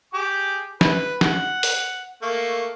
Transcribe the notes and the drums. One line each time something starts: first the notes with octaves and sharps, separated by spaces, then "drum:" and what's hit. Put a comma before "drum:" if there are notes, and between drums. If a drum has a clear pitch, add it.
G4 G#4 D6
B4, drum: snare
F#5, drum: snare
drum: open hi-hat
A3 A#3 C#6